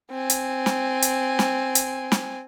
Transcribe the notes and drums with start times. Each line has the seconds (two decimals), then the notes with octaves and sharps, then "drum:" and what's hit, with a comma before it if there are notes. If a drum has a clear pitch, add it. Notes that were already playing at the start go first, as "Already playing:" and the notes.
0.11 C4 G#5
0.30 drum: hi-hat
0.66 drum: snare
1.02 drum: hi-hat
1.39 drum: snare
1.75 drum: hi-hat
2.12 drum: snare